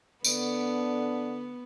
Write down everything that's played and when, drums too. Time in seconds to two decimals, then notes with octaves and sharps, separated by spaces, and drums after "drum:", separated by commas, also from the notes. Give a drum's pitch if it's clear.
0.24 D3 B3, drum: tambourine